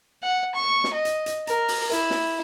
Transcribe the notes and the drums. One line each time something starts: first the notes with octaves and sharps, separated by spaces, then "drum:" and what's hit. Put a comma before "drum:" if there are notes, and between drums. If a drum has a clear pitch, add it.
F#5
C#6
drum: snare
D#5
drum: hi-hat
drum: hi-hat
A#4, drum: hi-hat
drum: open hi-hat
E4, drum: hi-hat
drum: snare